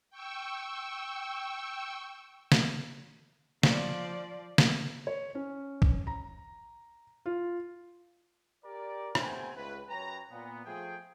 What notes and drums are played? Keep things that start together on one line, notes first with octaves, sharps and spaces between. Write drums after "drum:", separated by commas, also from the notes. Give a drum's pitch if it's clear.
G5 C#6 E6
drum: snare
F3 D5, drum: snare
drum: snare
C#5
C#4
drum: kick
A#5
F4
G4 A#4 D5
C3 A3 B3 C5 G5 G#5, drum: rim click
C#2 B4
F#2 B4 C#5 G5 A#5
A#2 B3
F3 A3 G#4 G5